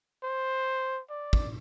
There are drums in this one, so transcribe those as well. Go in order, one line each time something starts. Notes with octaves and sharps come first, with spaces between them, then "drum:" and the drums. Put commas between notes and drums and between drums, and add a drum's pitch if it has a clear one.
C5
D5
drum: kick